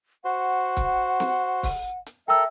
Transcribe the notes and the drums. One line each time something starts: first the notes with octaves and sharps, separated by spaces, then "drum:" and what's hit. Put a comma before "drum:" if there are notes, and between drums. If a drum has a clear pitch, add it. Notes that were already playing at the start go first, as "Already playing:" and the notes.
F#4 C5 F#5
drum: kick, hi-hat
drum: snare
drum: kick, open hi-hat
drum: hi-hat
A4 A#4 E5 G5 E6